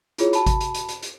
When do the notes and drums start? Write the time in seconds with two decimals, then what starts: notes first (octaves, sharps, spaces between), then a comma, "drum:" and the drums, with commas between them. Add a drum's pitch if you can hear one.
0.18 E4 F4 G#4 C#5, drum: hi-hat
0.33 F#4 A5 B5, drum: hi-hat
0.46 drum: kick G#1, hi-hat
0.60 drum: hi-hat
0.74 drum: hi-hat
0.89 drum: hi-hat
1.03 drum: hi-hat